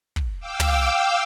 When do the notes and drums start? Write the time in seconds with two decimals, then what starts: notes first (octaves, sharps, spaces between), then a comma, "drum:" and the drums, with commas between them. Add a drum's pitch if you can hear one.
0.16 drum: kick
0.40 F5 G5 D6 E6
0.60 drum: tom